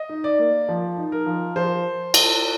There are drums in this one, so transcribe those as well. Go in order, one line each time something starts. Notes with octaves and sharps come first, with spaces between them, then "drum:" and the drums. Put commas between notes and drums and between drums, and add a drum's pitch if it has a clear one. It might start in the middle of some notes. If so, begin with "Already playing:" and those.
Already playing: D#5
D#4
D5
A#3
F3
D#4
A#4
F3
F3 C5
drum: cymbal